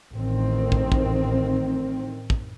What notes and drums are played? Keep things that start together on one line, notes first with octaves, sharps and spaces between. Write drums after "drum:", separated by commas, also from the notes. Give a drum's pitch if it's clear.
A1 D#3 C4
drum: kick
drum: kick
drum: kick